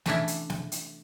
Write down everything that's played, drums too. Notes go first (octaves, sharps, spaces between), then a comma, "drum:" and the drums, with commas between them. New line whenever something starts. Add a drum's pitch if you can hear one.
C3 E3 A3 C#4 D4 E4, drum: snare
drum: hi-hat
drum: snare
drum: hi-hat